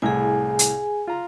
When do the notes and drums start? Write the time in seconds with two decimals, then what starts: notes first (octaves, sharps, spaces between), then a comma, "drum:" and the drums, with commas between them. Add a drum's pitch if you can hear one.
0.02 C2 A2 G#4 G#5
0.59 drum: hi-hat
1.07 F4 A#5